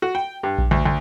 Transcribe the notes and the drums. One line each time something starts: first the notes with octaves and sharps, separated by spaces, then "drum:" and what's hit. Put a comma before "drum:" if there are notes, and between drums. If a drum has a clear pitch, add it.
F#4
G5
G2
drum: kick A#1
D2
D2